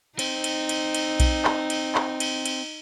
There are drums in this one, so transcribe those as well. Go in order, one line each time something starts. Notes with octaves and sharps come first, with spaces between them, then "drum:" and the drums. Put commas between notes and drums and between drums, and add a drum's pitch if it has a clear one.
C4 D#4, drum: cymbal
drum: cymbal
drum: cymbal
drum: cymbal
drum: kick B1, cymbal
drum: clap
drum: cymbal
drum: clap
drum: cymbal
drum: cymbal